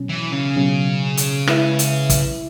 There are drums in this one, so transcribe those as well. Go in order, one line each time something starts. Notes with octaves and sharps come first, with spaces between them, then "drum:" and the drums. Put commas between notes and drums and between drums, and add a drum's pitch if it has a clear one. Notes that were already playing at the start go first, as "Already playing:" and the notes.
Already playing: B2 F#3 C#4
E3
C#3
B2 F#3 C#4 G#4
drum: hi-hat
G#3 E4 B4 E5, drum: rim click
drum: hi-hat
drum: kick, hi-hat